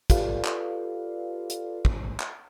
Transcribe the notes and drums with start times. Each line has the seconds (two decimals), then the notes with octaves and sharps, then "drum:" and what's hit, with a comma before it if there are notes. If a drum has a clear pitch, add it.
0.10 F4 G4 A4 B4 D5 F5, drum: kick, hi-hat
0.45 drum: clap
1.50 drum: hi-hat
1.85 drum: kick
2.20 drum: clap